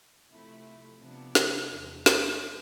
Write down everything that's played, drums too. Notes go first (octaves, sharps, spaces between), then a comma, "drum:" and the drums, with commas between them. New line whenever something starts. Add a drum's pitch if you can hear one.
C3 F3 A3 E4
C3 F3 B3 D4
drum: snare
E2 C3 F3 G#3
drum: snare